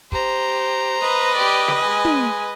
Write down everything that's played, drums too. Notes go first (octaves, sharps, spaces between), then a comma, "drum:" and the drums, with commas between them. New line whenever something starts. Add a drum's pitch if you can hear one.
G4 C5 A#5, drum: kick
B4 D#5
G4 D5
drum: snare
G#3 G#5
drum: tom